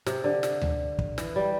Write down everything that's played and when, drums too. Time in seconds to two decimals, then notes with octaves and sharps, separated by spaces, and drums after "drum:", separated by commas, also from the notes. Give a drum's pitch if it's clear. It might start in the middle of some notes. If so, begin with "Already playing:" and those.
0.06 C3, drum: snare
0.24 D3
0.43 drum: snare
0.61 drum: tom D2
0.99 drum: kick
1.18 E3, drum: snare
1.36 G3